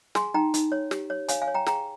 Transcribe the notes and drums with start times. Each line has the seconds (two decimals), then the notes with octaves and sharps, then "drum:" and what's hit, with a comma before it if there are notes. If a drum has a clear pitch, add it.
0.15 G#4 G#5 C6, drum: snare
0.34 D#4 G5 A#5
0.54 D#4, drum: hi-hat
0.72 C#5
0.91 G4, drum: snare
1.10 C#5
1.28 C#5 F5 G#5, drum: hi-hat
1.42 F5 G#5
1.48 C#5
1.54 G5 A#5
1.66 G#4 G5 A#5, drum: snare